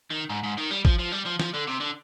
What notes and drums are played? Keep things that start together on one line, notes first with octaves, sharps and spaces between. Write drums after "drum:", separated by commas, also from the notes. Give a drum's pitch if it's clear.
D#3
G#2
G#2
D#3
G3
F3, drum: kick A1
F3
G3
F3
F3, drum: snare
D3
C3
D3